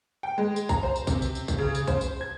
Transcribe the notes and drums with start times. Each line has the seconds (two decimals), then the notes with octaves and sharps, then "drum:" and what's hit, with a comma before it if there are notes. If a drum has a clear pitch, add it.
0.23 G5
0.38 G#3
0.56 drum: tambourine
0.69 A#5, drum: kick, tambourine
0.83 C5
0.96 drum: tambourine
1.07 C3, drum: kick, tambourine
1.22 drum: tambourine
1.35 drum: tambourine
1.48 drum: kick, tambourine
1.58 C#3
1.75 drum: tambourine
1.87 C5, drum: kick, tambourine
2.01 drum: tambourine
2.21 G#6